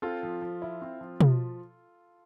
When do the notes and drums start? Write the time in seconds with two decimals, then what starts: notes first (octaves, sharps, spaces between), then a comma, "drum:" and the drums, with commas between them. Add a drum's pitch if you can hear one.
0.02 C4 F4 A4
0.23 F3
0.42 F3
0.62 E4
0.82 C4
1.01 F3
1.21 F3, drum: tom